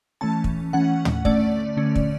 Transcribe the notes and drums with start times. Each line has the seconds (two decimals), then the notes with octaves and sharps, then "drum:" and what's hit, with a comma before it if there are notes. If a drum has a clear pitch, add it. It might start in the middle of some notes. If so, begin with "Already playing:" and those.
0.21 E3 A3 C#4 A5
0.44 drum: kick
0.73 E3 A3 C#4 F#5
1.05 drum: tom
1.25 D3 A3 C#4 D5, drum: kick
1.77 D3 A3 C#4
1.95 drum: kick